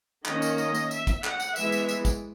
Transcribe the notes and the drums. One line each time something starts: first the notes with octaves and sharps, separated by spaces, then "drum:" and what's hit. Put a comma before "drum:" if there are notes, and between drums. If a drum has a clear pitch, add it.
D#3 A#3 C#4 D#5, drum: clap
drum: tambourine
D#5, drum: tambourine
drum: tambourine
E5, drum: tambourine
drum: kick, tambourine
F#5, drum: clap
drum: tambourine
E3 G#3 B3 E5, drum: tambourine
drum: tambourine
drum: tambourine
drum: kick, tambourine